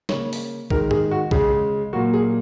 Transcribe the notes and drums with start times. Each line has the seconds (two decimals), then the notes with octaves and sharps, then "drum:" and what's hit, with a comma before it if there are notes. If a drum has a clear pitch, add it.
0.09 C#3 A#3 C#5, drum: snare
0.33 drum: open hi-hat
0.70 D#3 G#3 A#4, drum: kick B1
0.91 G#4, drum: tom G#2
1.11 F#4
1.31 C#3 G#3 G#4, drum: kick B1
1.93 A#2 F#3 A#3 F#4
2.13 G#4